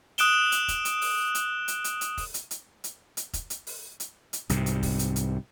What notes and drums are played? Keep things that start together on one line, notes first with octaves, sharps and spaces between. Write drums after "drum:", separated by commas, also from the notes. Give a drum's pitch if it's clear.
D#6 F#6 D7 E7 G7, drum: hi-hat
drum: hi-hat
drum: kick F1, hi-hat
drum: hi-hat
drum: open hi-hat
drum: hi-hat
drum: hi-hat
drum: hi-hat
drum: hi-hat
drum: kick F1, open hi-hat
drum: hi-hat
drum: hi-hat
drum: hi-hat
drum: hi-hat
drum: kick F1, hi-hat
drum: hi-hat
drum: open hi-hat
drum: hi-hat
drum: hi-hat
C2 G#2 C3, drum: hi-hat
drum: hi-hat
drum: kick F1, open hi-hat
drum: hi-hat
drum: hi-hat